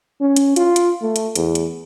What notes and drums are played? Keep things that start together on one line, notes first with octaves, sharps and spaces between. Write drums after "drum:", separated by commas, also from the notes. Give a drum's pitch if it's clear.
C#4
drum: hi-hat
F4, drum: hi-hat
drum: hi-hat
A3
drum: hi-hat
E2, drum: hi-hat
drum: hi-hat